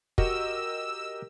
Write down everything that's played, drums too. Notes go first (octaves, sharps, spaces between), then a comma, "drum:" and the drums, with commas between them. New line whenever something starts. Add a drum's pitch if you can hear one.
F#4 G4 A#4 D#5 E6, drum: kick